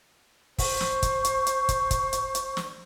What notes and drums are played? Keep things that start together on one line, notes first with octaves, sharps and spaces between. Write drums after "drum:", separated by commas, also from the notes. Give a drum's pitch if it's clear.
C5 C#6, drum: kick, open hi-hat
drum: snare
drum: kick, hi-hat
drum: hi-hat
drum: hi-hat
drum: kick, hi-hat
drum: kick, hi-hat
drum: hi-hat
drum: hi-hat
drum: snare